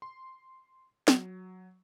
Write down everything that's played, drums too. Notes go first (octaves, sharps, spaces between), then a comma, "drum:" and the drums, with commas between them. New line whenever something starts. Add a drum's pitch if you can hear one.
C6
F#3, drum: snare